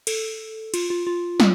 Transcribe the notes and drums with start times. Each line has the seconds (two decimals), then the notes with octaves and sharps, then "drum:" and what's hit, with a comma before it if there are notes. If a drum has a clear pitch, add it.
0.07 A4, drum: cymbal
0.74 F4, drum: cymbal
0.90 F4
1.07 F4
1.40 drum: snare